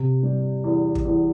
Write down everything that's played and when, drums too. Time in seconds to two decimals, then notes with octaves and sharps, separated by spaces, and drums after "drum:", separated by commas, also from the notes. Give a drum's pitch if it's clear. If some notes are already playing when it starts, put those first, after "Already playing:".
Already playing: C3
0.23 G3
0.64 E2
0.95 drum: kick
1.05 E2